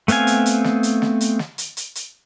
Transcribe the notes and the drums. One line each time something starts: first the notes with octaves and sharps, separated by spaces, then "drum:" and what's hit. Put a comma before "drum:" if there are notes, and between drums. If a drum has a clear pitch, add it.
A3 B3 C4 F5 G#5, drum: hi-hat
drum: hi-hat
drum: hi-hat
drum: snare
drum: hi-hat
drum: snare
drum: hi-hat
drum: snare
drum: hi-hat
drum: hi-hat
drum: hi-hat